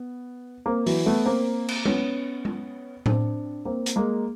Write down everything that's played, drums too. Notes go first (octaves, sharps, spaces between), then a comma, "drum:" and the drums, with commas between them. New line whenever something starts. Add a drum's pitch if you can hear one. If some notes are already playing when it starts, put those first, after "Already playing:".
Already playing: B3
A#3 C4
E3 F#3, drum: open hi-hat
A3 B3
A#3 C4
drum: cymbal
B3 C#4, drum: tom G#3
drum: tom G#3
C4 D4, drum: tom A2
A#3 C4
drum: hi-hat
G#3 A#3